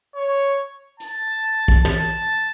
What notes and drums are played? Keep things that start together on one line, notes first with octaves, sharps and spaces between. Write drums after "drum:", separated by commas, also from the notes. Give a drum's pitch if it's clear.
C#5
A5, drum: hi-hat
drum: kick
A5, drum: tom